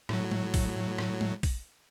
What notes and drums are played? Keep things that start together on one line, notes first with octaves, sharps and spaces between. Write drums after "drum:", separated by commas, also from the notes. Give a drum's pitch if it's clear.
A2 F#3, drum: rim click
drum: tom G#3
drum: kick A#1, open hi-hat
drum: rim click
drum: tom G#3
drum: kick A#1, open hi-hat